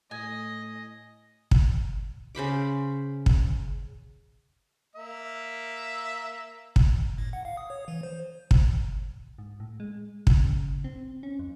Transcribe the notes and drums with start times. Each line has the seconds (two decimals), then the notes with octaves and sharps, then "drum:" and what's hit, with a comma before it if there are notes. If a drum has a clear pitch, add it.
0.11 A2 D#5 G#5
1.51 drum: kick
2.35 C#3 C5 B5 D6
3.26 drum: kick
4.95 A#3 E5
6.76 drum: kick
7.18 A2
7.33 F#5
7.45 F5
7.57 D#6
7.70 C#5
7.88 E3
8.03 C5
8.51 drum: kick
9.38 G#2
9.60 A2
9.80 G#3
10.27 C#3, drum: kick
10.84 C4
11.23 C#4
11.39 F2